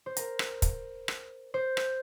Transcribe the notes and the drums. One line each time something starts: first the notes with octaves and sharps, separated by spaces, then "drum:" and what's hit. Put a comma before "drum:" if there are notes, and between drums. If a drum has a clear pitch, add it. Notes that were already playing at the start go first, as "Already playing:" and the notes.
C5
A#4, drum: hi-hat
drum: rim click
drum: kick, hi-hat
drum: rim click
C5
drum: rim click